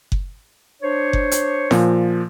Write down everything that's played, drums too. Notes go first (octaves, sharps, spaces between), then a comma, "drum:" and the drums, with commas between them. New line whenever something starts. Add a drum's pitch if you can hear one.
drum: kick F#1
D4 C5 C#5
drum: kick F#1
drum: hi-hat
A#2 F3, drum: snare